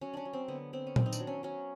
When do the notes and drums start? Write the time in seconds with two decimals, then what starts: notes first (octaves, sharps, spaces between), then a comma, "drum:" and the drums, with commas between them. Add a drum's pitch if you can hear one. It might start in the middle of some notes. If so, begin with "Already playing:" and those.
0.01 F#3 C#4
0.13 C#4 D4
0.25 F#3
0.33 C4
0.48 D3 B3
0.73 B3 C4
0.87 C#4
0.96 D#3 C4, drum: tom A#2
1.06 D#4
1.13 D4, drum: tambourine
1.20 F#3
1.27 C#4
1.43 F#3 C#4